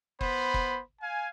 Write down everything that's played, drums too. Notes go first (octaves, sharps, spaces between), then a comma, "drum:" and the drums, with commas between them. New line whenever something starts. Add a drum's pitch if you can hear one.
B3 C5 B5, drum: kick
drum: kick
F5 G#5